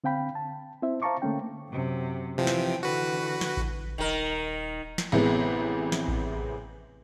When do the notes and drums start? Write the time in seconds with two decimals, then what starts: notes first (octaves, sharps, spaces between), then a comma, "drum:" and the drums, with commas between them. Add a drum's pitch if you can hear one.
0.04 D3 C4 F5 G5 B5
0.35 A5
0.82 C4 E4 C5 E5
1.02 C5 F5 A5 A#5 C#6 D6
1.22 D3 A3 A#3 C#4 G5
1.69 F#2 C3
2.38 C3 E3 F3 G5
2.47 drum: snare
2.83 D3 E3 F#4 B4
3.41 drum: snare
3.57 drum: kick A1
3.98 D#1 D#3 A#4
4.98 drum: snare
5.12 A1 C3 E3 G#3 B3
5.92 drum: snare
6.08 drum: kick A1